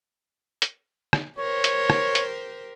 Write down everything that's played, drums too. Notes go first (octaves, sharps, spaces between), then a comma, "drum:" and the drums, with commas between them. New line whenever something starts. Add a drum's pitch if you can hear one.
drum: hi-hat
drum: rim click
G4 A#4 C5 C#5
drum: hi-hat
drum: rim click
drum: hi-hat